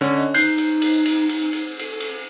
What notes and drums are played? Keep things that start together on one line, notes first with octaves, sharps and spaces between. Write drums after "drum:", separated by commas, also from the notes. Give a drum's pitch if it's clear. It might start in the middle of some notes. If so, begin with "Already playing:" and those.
D3 C#4
D#5
D#4 F#6 G6 C7, drum: cymbal
drum: cymbal
drum: cymbal
drum: cymbal
drum: cymbal
drum: cymbal
A4, drum: cymbal
drum: cymbal